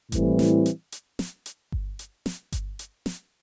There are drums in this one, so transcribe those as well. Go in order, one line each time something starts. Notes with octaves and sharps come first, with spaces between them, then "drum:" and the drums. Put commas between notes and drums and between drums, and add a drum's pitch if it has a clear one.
A2 E3 G3 C4, drum: kick G1, hi-hat
drum: snare
drum: hi-hat
drum: hi-hat
drum: snare
drum: hi-hat
drum: kick G1
drum: hi-hat
drum: snare
drum: kick G1, hi-hat
drum: hi-hat
drum: snare